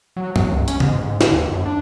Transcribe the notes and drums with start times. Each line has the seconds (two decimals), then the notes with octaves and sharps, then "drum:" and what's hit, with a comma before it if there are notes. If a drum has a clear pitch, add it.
0.17 F#3
0.36 F#3, drum: tom G2
0.50 C#2
0.68 C#4, drum: hi-hat
0.80 G#2, drum: tom C#3
1.02 G#2
1.21 D3, drum: snare
1.33 D#2
1.51 F#2
1.66 D4